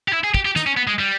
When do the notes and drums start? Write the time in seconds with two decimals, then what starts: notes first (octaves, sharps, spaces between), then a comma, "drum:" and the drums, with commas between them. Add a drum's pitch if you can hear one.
0.08 G4
0.13 E4
0.24 G#4
0.34 G4, drum: kick
0.45 G4
0.56 D#4, drum: snare
0.67 C#4
0.77 B3
0.87 G#3
0.99 G3